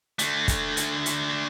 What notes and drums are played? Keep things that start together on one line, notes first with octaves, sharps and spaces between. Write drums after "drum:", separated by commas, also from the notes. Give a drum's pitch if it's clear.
D3 A3, drum: hi-hat
drum: kick, hi-hat
drum: hi-hat
drum: hi-hat